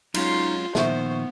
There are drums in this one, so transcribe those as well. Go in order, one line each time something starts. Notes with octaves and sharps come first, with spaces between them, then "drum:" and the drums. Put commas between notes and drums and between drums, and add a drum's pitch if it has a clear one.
F#3 G#3 C#4 D#4 F4 C6, drum: cymbal
A#2 D#3 F3 B3 C5 E5 C#6, drum: snare